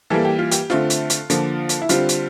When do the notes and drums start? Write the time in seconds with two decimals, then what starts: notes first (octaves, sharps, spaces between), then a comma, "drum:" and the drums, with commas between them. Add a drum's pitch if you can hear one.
0.10 E3 G3 A#3 A4
0.25 G4
0.39 F4
0.51 G4, drum: hi-hat
0.70 D3 A3 C4 F4, drum: snare
0.90 drum: hi-hat
1.10 drum: hi-hat
1.30 D3 F3 A#3, drum: hi-hat
1.69 drum: hi-hat
1.82 E4
1.89 D3 G3 C4 F4, drum: hi-hat
2.09 drum: hi-hat